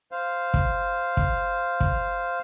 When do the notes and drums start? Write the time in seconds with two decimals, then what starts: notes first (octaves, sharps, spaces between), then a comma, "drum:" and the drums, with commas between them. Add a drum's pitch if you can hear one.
0.11 C5 F5
0.54 drum: kick
1.17 drum: kick
1.81 drum: kick